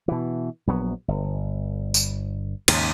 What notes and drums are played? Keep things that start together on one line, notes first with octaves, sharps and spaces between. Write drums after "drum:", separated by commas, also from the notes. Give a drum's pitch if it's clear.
B2 E3
A#1 F#3 B3
G1
drum: tambourine
D#2 G#2 C#3, drum: cymbal